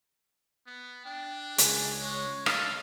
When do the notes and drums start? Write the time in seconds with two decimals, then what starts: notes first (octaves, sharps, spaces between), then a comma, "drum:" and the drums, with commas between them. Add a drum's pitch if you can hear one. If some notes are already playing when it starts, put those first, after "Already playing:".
0.66 B3
1.05 D4 G5
1.58 C#2 G#4, drum: hi-hat
2.00 G#3 C#5
2.46 A4 D#5 F5, drum: rim click